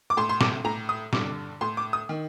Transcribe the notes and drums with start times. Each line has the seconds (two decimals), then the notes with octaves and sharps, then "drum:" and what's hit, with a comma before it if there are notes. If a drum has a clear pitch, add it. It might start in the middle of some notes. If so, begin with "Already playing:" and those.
0.10 D6
0.17 A2 C6
0.29 C6
0.41 D6, drum: snare
0.64 A2 A#5
0.89 D#6
1.13 G2 D3 D6, drum: snare
1.61 A2 C6
1.77 D6
1.93 D#6
2.09 D#3